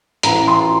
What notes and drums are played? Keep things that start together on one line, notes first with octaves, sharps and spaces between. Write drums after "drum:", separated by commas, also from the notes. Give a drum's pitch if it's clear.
A1 A#5, drum: hi-hat
C6